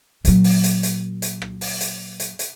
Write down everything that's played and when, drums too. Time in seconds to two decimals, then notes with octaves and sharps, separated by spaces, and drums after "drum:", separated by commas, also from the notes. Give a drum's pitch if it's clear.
0.25 A#2 F#3, drum: hi-hat
0.44 drum: open hi-hat
0.64 drum: hi-hat
0.83 drum: hi-hat
1.22 drum: hi-hat
1.42 drum: rim click
1.61 drum: open hi-hat
1.81 drum: hi-hat
2.20 drum: hi-hat
2.39 drum: hi-hat